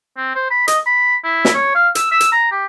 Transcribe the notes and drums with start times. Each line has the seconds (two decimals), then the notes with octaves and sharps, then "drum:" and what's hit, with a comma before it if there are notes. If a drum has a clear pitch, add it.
0.17 C4
0.35 C5
0.50 B5
0.68 D#5, drum: hi-hat
0.86 B5
1.24 E4
1.45 drum: snare
1.54 C#5
1.75 F5
1.95 E6, drum: hi-hat
2.11 E6
2.20 drum: hi-hat
2.32 A#5
2.51 G4